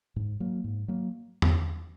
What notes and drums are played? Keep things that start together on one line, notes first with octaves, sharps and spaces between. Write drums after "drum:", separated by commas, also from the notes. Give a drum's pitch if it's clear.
G#2
F#3 A#3
G#2
F#3 A#3
drum: tom E2